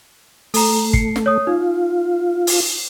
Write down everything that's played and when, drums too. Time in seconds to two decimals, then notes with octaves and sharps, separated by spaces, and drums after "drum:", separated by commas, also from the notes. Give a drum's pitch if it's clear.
0.54 A3 A4 A#5, drum: open hi-hat
0.93 C7 C#7, drum: kick
1.16 drum: snare
1.26 C#5 D#6
1.47 D#4 F4
2.47 drum: open hi-hat